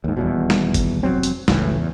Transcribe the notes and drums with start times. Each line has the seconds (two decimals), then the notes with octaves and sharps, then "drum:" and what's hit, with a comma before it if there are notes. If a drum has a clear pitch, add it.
0.04 D#2 G#2
0.17 D#1 E2 B2
0.50 drum: snare
0.74 drum: kick G1, hi-hat
1.03 F1 F2 F#3 C4
1.23 drum: hi-hat
1.48 F#1 C#2 A2 E3, drum: snare
1.78 E2